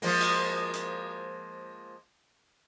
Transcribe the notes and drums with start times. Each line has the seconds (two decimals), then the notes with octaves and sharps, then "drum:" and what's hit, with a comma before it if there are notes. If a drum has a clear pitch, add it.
0.02 F3 G#3 A#3, drum: open hi-hat
0.21 drum: cymbal
0.73 drum: hi-hat